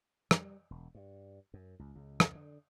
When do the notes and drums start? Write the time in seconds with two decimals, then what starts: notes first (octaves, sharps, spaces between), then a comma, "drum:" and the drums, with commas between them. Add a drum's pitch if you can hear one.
0.31 G3, drum: rim click
0.71 E1
0.95 G2
1.54 F#2
1.79 C#2
1.96 C#2
2.20 drum: rim click
2.35 D3